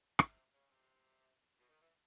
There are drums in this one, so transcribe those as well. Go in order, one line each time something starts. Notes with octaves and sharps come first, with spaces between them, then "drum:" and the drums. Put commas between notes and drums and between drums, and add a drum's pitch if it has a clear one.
C3, drum: rim click
C#3
C3
B2
D#3
E3